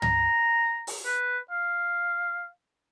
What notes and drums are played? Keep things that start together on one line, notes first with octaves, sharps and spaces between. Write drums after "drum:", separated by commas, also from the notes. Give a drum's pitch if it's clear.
A#5, drum: tom
drum: open hi-hat
B4
F5